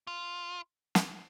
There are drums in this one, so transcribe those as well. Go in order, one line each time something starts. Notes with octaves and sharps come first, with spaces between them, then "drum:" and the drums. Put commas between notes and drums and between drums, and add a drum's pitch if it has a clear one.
F4
drum: snare